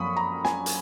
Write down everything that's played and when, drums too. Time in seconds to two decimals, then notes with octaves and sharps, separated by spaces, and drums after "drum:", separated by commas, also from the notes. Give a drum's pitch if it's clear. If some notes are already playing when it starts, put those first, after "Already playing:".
Already playing: F#2 F3 A#3 B5 C#6 D#6
0.17 A#5
0.45 G#5, drum: snare
0.66 drum: hi-hat